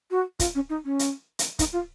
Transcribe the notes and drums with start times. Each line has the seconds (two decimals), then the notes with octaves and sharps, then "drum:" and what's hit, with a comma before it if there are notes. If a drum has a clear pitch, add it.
0.11 F#4
0.40 F4, drum: kick, hi-hat
0.55 C#4
0.70 D#4
0.85 C#4
0.99 drum: hi-hat
1.39 drum: hi-hat
1.59 D#4, drum: kick, hi-hat
1.73 F4